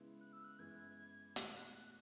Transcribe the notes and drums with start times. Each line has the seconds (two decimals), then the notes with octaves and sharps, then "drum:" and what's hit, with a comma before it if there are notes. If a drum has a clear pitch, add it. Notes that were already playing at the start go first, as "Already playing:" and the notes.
Already playing: C#3 G#3 B3 E4
0.20 F#6
0.32 E6
0.44 F#6
0.59 F#2 E3 G#3 B3 G#6
1.36 E2 B2 A3 F#6, drum: hi-hat
1.56 F#6
1.75 F#6